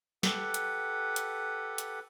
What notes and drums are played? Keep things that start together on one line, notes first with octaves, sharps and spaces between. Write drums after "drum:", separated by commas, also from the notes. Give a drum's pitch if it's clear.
G4 A4 B4 F#5, drum: snare
drum: hi-hat
drum: hi-hat
drum: hi-hat